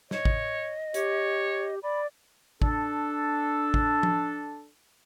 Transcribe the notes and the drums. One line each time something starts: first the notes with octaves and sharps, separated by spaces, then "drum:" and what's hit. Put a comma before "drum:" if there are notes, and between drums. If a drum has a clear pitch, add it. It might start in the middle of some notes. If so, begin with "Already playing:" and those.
C#5 D#5, drum: snare
drum: kick
G4 C#5, drum: hi-hat
D5 B5
D4 A4, drum: kick
drum: kick
drum: tom F3